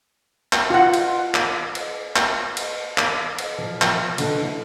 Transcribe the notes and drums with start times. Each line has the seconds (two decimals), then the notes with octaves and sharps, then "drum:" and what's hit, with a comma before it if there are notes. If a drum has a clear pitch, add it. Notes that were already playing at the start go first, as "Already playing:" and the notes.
0.53 drum: clap
0.70 F4 F#5
0.94 drum: cymbal
1.34 drum: clap
1.75 drum: cymbal
2.16 drum: clap
2.57 drum: cymbal
2.98 drum: clap
3.39 drum: cymbal
3.58 F3
3.82 F3, drum: clap
4.18 D3, drum: cymbal
4.41 E4